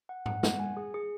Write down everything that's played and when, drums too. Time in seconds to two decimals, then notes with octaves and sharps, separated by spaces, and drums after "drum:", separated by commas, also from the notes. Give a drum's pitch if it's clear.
0.09 F#5
0.26 F#5, drum: tom G#2
0.43 F#5, drum: snare
0.60 G#5
0.77 G#4
0.94 G#4